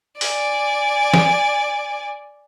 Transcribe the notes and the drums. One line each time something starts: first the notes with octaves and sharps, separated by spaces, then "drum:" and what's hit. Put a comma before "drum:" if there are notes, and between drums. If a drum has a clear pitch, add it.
D5 G#5, drum: open hi-hat
drum: snare